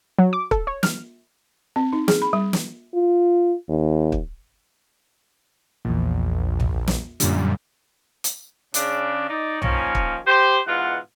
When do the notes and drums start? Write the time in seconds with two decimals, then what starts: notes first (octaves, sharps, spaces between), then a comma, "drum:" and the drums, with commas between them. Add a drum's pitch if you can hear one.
0.18 F#3
0.33 D6
0.51 A4, drum: kick
0.67 C#5
0.83 F6, drum: snare
1.76 C4
1.93 D#4
2.08 G#4, drum: snare
2.22 B5
2.33 G3
2.53 drum: snare
2.94 F4
3.69 D#2
4.12 drum: kick
5.85 A#1 E2 A#2
6.60 drum: tom B1
6.87 drum: snare
7.20 F#2 A#2 D3 G3, drum: hi-hat
8.24 drum: hi-hat
8.74 C#3 D4, drum: hi-hat
9.28 D#4 D5
9.62 D#3 F3 A#3 C#4, drum: tom B1
9.95 drum: kick
10.26 G4 C5
10.67 G#2 B2 E3 F4 F#5